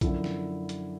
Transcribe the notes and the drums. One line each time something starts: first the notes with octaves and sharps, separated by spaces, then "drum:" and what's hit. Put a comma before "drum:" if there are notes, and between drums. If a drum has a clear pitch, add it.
F#2 D3 F3 E4, drum: kick, hi-hat
drum: snare
drum: hi-hat